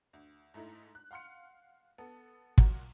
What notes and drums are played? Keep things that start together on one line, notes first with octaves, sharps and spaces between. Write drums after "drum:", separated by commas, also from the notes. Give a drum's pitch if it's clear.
D2
G#2 A3 D#4 E4
F#6
F5 F#5 C6 F6 C#7
B3 A4
A#2 F#3 F#5, drum: kick